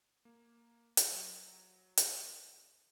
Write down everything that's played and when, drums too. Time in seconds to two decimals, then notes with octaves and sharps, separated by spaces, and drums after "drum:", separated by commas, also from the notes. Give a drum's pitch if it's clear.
0.25 A#3
0.97 drum: hi-hat
1.12 F#3
1.97 drum: hi-hat